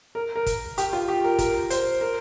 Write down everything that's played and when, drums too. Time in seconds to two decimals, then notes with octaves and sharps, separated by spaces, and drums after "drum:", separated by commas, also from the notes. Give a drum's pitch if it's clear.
0.15 A#4
0.36 A#4
0.46 drum: kick, hi-hat
0.78 G4, drum: hi-hat
0.93 F4
1.08 G4
1.24 A#4
1.39 A#4, drum: kick, hi-hat
1.70 C5, drum: hi-hat
2.01 A#4